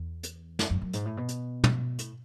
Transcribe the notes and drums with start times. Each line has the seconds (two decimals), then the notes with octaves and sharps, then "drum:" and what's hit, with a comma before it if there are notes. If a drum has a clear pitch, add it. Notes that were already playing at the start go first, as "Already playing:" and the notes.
Already playing: E2
0.23 drum: hi-hat
0.59 F#2, drum: snare
0.70 F#2
0.82 F#2
0.93 G#2, drum: hi-hat
1.05 A2
1.17 B2
1.29 drum: hi-hat
1.64 drum: tom
1.99 A2, drum: hi-hat